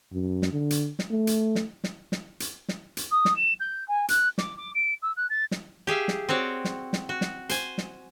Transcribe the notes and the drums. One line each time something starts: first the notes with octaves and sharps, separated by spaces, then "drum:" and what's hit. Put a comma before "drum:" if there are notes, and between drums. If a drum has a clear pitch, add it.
F#2
drum: snare
D3
drum: hi-hat
drum: snare
A3
drum: hi-hat
drum: snare
drum: snare
drum: snare
drum: hi-hat
drum: snare
drum: hi-hat
D#6
drum: snare
E7
G6
G#5
F#6, drum: hi-hat
D6, drum: snare
D6
D7
E6
F#6
A6
drum: snare
G4 G#4 E5 F5
drum: snare
C4 F#4 C#5 D5
drum: snare
drum: snare
F#4
drum: snare
C5 G#5, drum: hi-hat
drum: snare